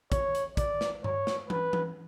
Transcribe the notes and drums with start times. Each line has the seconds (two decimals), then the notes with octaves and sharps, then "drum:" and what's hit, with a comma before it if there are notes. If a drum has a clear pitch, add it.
0.12 C#5, drum: kick, hi-hat
0.35 drum: hi-hat
0.57 D5, drum: kick, hi-hat
0.81 drum: snare
1.04 C#5, drum: tom G2
1.27 drum: snare
1.50 B4, drum: tom E3
1.73 drum: tom E3